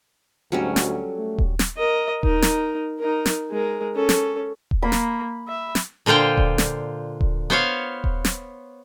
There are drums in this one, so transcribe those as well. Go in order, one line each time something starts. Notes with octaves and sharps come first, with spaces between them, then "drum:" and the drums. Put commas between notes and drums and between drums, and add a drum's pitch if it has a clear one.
D2 G#2 F#3 G3 C#4
drum: snare
A4
A3
drum: kick D#1
drum: snare
A#4 D#5
D#4 A#4, drum: kick D#1
drum: snare
D#4 A#4
drum: snare
G#3 A#4
C#4 A4
drum: snare
drum: kick D#1
A#3 B5
drum: snare
E5
drum: snare
A#2 D3 F4 C5 G5
drum: kick D#1
drum: snare
drum: kick D#1
B3 C5 C#5 F5
drum: kick D#1
drum: snare